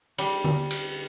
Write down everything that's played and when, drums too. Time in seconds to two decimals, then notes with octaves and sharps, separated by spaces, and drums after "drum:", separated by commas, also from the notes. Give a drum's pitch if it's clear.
0.18 G3, drum: cymbal
0.44 drum: tom D3
0.71 drum: cymbal